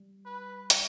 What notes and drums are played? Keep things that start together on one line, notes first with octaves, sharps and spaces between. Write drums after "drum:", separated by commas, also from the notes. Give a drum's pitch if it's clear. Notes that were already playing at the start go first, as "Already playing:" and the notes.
Already playing: G3
B4
drum: hi-hat